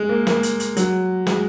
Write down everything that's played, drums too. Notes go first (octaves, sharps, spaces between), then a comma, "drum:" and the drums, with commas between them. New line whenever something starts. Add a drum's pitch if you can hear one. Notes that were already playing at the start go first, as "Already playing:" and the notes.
Already playing: G#3
A#3
A#3, drum: snare
drum: hi-hat
drum: hi-hat
F#3, drum: hi-hat
G#3, drum: snare